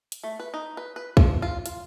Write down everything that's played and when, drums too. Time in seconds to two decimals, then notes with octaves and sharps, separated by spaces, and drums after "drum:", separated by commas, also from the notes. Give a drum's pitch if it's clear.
0.12 drum: hi-hat
0.23 A3
0.40 B4
0.54 D#4
0.77 B4
0.96 B4
1.17 F3, drum: kick
1.42 F4
1.66 F4, drum: hi-hat